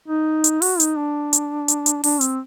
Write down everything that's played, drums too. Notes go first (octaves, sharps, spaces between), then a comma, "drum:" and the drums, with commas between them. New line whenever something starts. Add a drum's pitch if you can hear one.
D#4
drum: hi-hat
F#4, drum: open hi-hat
D#4, drum: hi-hat
D4
drum: hi-hat
drum: hi-hat
drum: hi-hat
D4, drum: open hi-hat
C4, drum: hi-hat